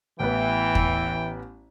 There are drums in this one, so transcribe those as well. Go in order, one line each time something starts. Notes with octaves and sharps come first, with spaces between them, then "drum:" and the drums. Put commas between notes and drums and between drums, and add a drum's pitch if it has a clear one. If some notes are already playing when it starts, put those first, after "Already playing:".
A1 E3 B3 B4 G5
drum: kick